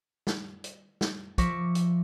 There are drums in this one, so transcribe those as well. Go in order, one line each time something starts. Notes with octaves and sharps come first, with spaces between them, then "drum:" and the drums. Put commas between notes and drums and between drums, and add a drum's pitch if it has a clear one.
drum: snare
drum: hi-hat
drum: snare
F3 E5 C#6 D6 A#6 B6, drum: kick, hi-hat
drum: hi-hat